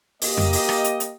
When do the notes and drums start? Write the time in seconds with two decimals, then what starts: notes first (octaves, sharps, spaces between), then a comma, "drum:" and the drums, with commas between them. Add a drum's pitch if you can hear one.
0.22 A#3 G4 D#5, drum: open hi-hat
0.37 drum: tom F2
0.53 drum: open hi-hat
0.69 drum: rim click
0.84 drum: hi-hat
1.00 drum: hi-hat